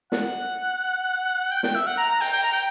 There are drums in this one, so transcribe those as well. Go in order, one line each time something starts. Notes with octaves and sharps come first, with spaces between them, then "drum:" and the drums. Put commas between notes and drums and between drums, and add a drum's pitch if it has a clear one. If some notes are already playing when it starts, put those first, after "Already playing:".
F#5, drum: snare
G5
G5, drum: snare
E5
F#5
A#5
A#5
G5, drum: open hi-hat
G5
A#5
G5